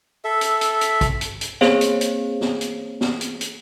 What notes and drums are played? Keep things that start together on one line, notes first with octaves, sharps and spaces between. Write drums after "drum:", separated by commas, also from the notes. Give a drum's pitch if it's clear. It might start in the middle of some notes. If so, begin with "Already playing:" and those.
A4 E5
drum: hi-hat
drum: hi-hat
drum: hi-hat
drum: kick, hi-hat
drum: hi-hat
drum: hi-hat
A#3 C4 G#4 C5 C#5 F5, drum: snare
drum: hi-hat
drum: hi-hat
drum: snare
drum: hi-hat
drum: snare
drum: hi-hat
drum: hi-hat